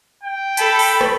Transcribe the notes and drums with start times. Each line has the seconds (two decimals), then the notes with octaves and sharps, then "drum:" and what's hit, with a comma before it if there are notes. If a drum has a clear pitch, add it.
0.23 G5
0.57 A4 B5, drum: hi-hat
0.79 drum: open hi-hat
1.01 drum: rim click